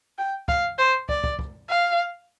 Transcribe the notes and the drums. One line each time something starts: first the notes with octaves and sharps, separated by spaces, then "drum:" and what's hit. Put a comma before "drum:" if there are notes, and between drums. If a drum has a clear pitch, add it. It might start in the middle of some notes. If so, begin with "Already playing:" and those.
G5
F5, drum: kick
C5
D5, drum: kick
drum: kick
drum: kick
F5